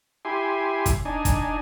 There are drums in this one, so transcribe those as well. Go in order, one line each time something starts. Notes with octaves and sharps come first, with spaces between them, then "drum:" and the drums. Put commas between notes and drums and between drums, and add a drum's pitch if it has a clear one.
E4 G4 G#5 C6
drum: kick, hi-hat
D4 D#4 G#5
drum: kick, hi-hat